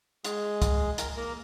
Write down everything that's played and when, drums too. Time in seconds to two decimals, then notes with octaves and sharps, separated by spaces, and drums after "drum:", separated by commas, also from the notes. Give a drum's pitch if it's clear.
0.24 G#3 G#4, drum: hi-hat
0.62 drum: kick C#2, hi-hat
0.98 A#4, drum: hi-hat
1.17 A#3 A#4